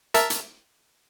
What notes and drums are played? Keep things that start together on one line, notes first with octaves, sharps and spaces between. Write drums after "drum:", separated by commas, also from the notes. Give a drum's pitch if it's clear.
A#4 E5 A5, drum: hi-hat
drum: hi-hat